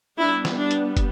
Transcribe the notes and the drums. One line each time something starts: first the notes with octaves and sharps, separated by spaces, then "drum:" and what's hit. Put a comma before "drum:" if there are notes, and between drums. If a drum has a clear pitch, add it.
G3 B3 D4 E4
drum: snare
D4
drum: hi-hat
drum: kick, hi-hat